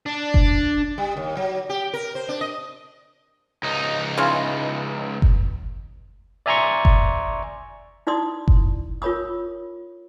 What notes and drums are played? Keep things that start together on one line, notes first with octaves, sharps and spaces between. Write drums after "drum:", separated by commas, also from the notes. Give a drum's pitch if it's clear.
D4
drum: kick F#1
G3
D#2
F#3
G4
A#4
C5
D4
D#5
C#2 D#4
C#3 E3 F4
drum: kick F#1
D5 E5 G#5 A#5 C6 C#6
drum: kick F#1
D#4 E4 D5 C6 D#6
drum: kick F#1
F4 A#4 C#5 B5 D#6